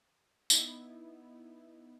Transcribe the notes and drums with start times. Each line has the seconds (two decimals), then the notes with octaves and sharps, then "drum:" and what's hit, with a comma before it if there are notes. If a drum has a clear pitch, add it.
0.50 B3 D#4 E4, drum: tambourine